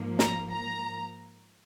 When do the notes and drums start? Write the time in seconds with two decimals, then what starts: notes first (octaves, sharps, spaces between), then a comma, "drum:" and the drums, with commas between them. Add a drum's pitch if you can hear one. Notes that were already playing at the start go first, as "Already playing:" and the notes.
Already playing: G#2 F3 A#3
0.19 A#5, drum: snare
0.51 A#5